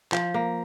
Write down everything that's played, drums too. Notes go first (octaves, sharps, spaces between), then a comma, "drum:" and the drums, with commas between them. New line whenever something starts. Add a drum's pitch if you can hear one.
F3, drum: clap
A#3